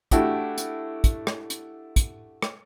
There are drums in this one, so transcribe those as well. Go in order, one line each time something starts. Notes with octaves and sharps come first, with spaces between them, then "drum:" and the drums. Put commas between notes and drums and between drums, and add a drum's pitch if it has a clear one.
A3 D4 E4 F#4 G4, drum: kick, hi-hat
drum: hi-hat
drum: kick, hi-hat
drum: rim click
drum: hi-hat
drum: kick, hi-hat
drum: rim click